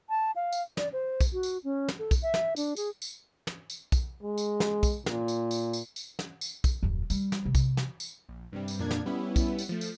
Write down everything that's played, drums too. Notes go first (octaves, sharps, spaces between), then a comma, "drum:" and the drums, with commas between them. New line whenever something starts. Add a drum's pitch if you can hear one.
A5
F5
drum: tambourine
D5, drum: snare
C5
drum: kick B1, tambourine
F#4
drum: tambourine
C#4
drum: snare
A4
drum: kick B1, tambourine
E5
drum: snare
D4, drum: tambourine
G#4, drum: tambourine
drum: tambourine
drum: snare
drum: tambourine
drum: kick B1, tambourine
G#3
drum: tambourine
drum: snare
drum: kick B1, tambourine
A#2, drum: snare
drum: tambourine
drum: tambourine
drum: tambourine
drum: tambourine
drum: snare
drum: tambourine
drum: kick B1, tambourine
D#1 F#2
G3, drum: tambourine
drum: snare
C3
drum: kick B1, tambourine
drum: snare
drum: tambourine
A#1
G2 C3 G3
drum: tambourine
F2 A#2 A#3 D4 G#6
drum: snare
G3 B3 C#4 E4
drum: kick B1, tambourine
drum: tambourine
F3 A3
drum: tambourine